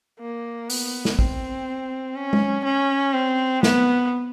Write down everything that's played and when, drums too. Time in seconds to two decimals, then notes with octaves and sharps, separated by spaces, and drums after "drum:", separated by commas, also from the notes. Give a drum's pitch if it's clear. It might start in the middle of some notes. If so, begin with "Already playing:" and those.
0.20 A#3
0.70 B3, drum: open hi-hat
1.05 drum: snare
1.19 C4, drum: kick
2.16 C#4
2.33 drum: tom G#3
2.64 C#4
3.14 C4
3.63 B3, drum: snare